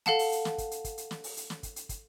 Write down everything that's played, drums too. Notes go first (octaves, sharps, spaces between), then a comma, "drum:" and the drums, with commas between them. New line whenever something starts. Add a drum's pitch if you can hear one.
A4 F5 F#5 A5, drum: snare
drum: open hi-hat
drum: hi-hat
drum: snare
drum: kick, hi-hat
drum: hi-hat
drum: kick, hi-hat
drum: hi-hat
drum: snare
drum: open hi-hat
drum: hi-hat
drum: snare
drum: kick, hi-hat
drum: hi-hat
drum: kick, hi-hat